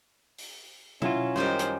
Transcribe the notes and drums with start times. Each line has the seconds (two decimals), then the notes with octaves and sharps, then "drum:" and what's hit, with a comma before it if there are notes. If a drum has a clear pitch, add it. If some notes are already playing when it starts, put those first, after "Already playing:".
0.38 drum: open hi-hat
1.02 F#3 C#4 E4 F4, drum: tom
1.36 F#2 D#3 G3 C5, drum: snare
1.59 drum: hi-hat